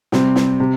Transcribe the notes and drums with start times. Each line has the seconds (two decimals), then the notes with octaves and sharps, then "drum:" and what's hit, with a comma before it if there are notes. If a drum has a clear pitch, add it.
0.12 C3 G3 C4, drum: snare
0.36 drum: snare
0.60 C3